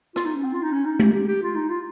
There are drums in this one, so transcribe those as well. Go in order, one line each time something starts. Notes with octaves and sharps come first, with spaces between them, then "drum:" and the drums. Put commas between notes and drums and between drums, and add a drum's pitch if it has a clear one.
F4, drum: rim click
D#4
C#4
C4
F4
D#4
C#4
D#4
G4, drum: tom G#3
G4
G4
F4
D#4
F4